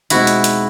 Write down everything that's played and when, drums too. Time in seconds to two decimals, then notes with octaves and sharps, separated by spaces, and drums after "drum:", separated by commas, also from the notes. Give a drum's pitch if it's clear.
0.10 B2 G#3 C4 D#4 E4 F#4 G#4, drum: hi-hat
0.27 drum: hi-hat
0.44 drum: hi-hat